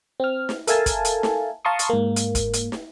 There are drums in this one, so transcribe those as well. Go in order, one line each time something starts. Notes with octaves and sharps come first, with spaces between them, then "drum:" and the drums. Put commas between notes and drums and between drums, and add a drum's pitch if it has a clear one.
C4 F6
drum: snare
A4 A#4 E5 F5 G#5 A5, drum: hi-hat
drum: kick, hi-hat
drum: hi-hat
drum: snare
F5 A5 A#5 C6 C#6 D#6
drum: hi-hat
G#2 A#3
drum: hi-hat
drum: kick, hi-hat
drum: hi-hat
drum: snare